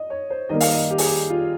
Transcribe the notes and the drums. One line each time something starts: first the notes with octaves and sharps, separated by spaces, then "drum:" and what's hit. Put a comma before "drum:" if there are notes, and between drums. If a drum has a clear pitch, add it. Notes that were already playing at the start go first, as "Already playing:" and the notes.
Already playing: D#5
C#5
C5
D#3 G3 A#3 D#5
F5, drum: open hi-hat
D#5
G4
G#4, drum: open hi-hat
G4
F4